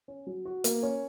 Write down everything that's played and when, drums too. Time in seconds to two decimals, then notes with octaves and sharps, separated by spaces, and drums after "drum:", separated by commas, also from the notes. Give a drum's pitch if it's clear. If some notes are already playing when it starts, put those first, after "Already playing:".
0.08 C#4
0.27 F#3
0.45 F#4
0.64 A#3, drum: hi-hat
0.83 C#4